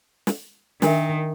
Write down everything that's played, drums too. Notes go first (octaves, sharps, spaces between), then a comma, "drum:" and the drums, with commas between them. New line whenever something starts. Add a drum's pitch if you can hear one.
drum: snare
D#3 D4 A#4 E5, drum: snare